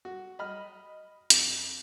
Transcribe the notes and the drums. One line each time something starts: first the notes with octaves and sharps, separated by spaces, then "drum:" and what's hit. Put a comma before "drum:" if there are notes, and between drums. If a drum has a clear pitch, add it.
F#4
D#5 B5 F6
F2, drum: hi-hat